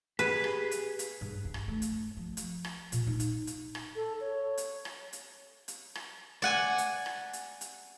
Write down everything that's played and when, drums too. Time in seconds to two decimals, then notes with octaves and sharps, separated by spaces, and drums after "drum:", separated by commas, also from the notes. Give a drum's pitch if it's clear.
0.19 G4 G#4 B4
0.44 drum: rim click
0.71 drum: hi-hat
0.99 drum: hi-hat
1.21 G2
1.45 G2
1.54 drum: rim click
1.68 A3
1.82 drum: hi-hat
2.17 F3
2.37 drum: hi-hat
2.64 drum: rim click
2.92 A#2, drum: hi-hat
3.07 D#4
3.20 drum: hi-hat
3.47 drum: hi-hat
3.75 drum: rim click
3.96 A4
4.21 C#5
4.58 drum: hi-hat
4.85 drum: rim click
5.13 drum: hi-hat
5.68 drum: hi-hat
5.95 drum: rim click
6.42 D5 F#5 G#5
6.78 drum: hi-hat
7.06 drum: rim click
7.33 drum: hi-hat
7.61 drum: hi-hat